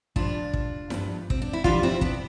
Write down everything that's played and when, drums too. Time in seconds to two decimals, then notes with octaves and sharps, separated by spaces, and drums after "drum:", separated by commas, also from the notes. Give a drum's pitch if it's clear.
0.16 G2 F3 D4 F4, drum: kick
0.53 drum: kick
0.90 G2 F3, drum: snare E4
1.30 C4, drum: kick
1.42 D4
1.53 E4
1.64 F2 E3 G3 D4 F4, drum: kick
1.83 C4 E4
2.01 B3 D4, drum: kick